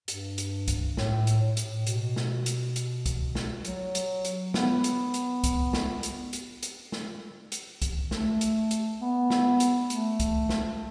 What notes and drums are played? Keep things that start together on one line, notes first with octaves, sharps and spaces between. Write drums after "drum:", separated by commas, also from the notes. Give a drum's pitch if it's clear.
G2, drum: hi-hat
drum: hi-hat
drum: kick, hi-hat
A2, drum: snare
drum: hi-hat
A2
drum: hi-hat
B2, drum: hi-hat
drum: snare
drum: hi-hat
drum: hi-hat
drum: kick, hi-hat
drum: snare
F#3, drum: hi-hat
drum: hi-hat
drum: hi-hat
B3, drum: snare
drum: hi-hat
drum: hi-hat
drum: kick, hi-hat
drum: snare
drum: hi-hat
drum: hi-hat
drum: hi-hat
drum: snare
drum: hi-hat
drum: kick, hi-hat
A3, drum: snare
drum: hi-hat
drum: hi-hat
B3
drum: snare
drum: hi-hat
A3, drum: hi-hat
drum: kick, hi-hat
drum: snare